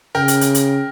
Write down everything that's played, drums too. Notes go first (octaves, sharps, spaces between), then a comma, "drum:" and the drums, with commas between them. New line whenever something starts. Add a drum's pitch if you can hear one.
C#3 A#4 G5
drum: hi-hat
drum: hi-hat
drum: hi-hat